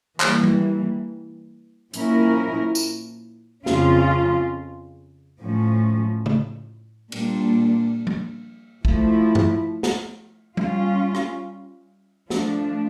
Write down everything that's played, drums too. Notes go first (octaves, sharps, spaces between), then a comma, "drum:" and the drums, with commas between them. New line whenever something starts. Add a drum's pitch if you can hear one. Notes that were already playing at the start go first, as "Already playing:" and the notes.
E3 G3 A#3, drum: clap
drum: tom
A#2 F3 C#4 E4 A#4, drum: hi-hat
drum: tambourine
F2 C#3 F3 C#4 F4, drum: snare
A2 F3 C#4
drum: tom C#3
A#2 G3 D4, drum: cymbal
drum: tom
F3 A3 E4, drum: kick
drum: tom G2
drum: snare
G3 C#4 F4, drum: tom
drum: rim click
F3 A3 D4, drum: snare